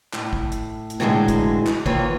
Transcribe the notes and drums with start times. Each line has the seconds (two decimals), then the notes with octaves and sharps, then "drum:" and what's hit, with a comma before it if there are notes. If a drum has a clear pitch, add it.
0.13 A2, drum: clap
0.33 drum: kick
0.52 drum: hi-hat
0.90 drum: hi-hat
1.00 A2 D3 E3 F#3 G#3
1.28 drum: kick, hi-hat
1.67 drum: clap
1.86 E2 D#3 E3 A#3 F4 C#5, drum: kick